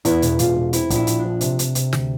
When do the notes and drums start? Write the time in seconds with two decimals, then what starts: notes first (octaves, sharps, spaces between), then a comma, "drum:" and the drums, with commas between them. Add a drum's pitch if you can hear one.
0.05 E2 E4, drum: hi-hat
0.22 E1, drum: hi-hat
0.39 E1 F4, drum: hi-hat
0.56 E1
0.73 C4 E4, drum: hi-hat
0.90 A#1, drum: kick, hi-hat
0.95 E4
1.07 A#1, drum: hi-hat
1.19 F3 D4
1.41 C3, drum: hi-hat
1.59 C3, drum: hi-hat
1.75 C3, drum: hi-hat
1.93 D2, drum: snare